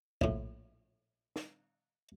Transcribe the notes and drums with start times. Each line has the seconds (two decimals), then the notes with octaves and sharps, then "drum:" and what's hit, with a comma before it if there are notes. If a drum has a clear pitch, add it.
0.21 A#1 A2, drum: kick
1.36 drum: snare